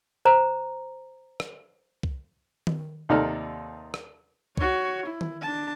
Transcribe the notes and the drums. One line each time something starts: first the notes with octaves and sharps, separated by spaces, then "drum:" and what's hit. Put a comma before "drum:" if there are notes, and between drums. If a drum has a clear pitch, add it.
C5 A#5
drum: rim click
drum: kick C2
drum: tom D#3
D#2 C3 D#4 A4 D5 F6
drum: rim click
F#4 C#5, drum: kick C2
E4
drum: tom D#3
D4 A5